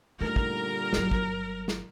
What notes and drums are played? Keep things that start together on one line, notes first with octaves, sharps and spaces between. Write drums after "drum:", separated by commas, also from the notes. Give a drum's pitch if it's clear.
A#2 D3 G3 A3 D#4 A#4
drum: kick
G1 F#3, drum: snare
drum: kick
drum: snare